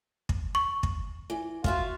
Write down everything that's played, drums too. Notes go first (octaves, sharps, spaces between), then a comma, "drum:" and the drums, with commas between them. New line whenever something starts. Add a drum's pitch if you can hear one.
drum: kick
C#6
drum: kick
E3
F4 F#4 E5 F5, drum: kick